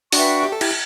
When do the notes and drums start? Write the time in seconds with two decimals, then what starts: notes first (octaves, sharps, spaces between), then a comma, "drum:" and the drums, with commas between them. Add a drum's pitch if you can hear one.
0.12 D4 F#4 B4 E5 G5 C#6, drum: open hi-hat
0.43 G4
0.52 A4
0.61 E4 G4, drum: cymbal